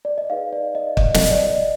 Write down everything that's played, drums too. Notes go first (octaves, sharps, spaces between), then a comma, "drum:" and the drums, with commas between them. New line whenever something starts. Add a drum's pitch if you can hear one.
D5
D#5
D#4 G#4 B4 D5 F5
D5
D#5
D#5, drum: kick
D#5, drum: snare
D5
D#5